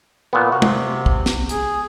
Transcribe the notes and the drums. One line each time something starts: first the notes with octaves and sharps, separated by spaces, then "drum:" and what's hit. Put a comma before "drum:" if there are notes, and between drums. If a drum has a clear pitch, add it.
A#2 B3
C3 F#4 F5
drum: tom
drum: kick
drum: snare
G#4, drum: hi-hat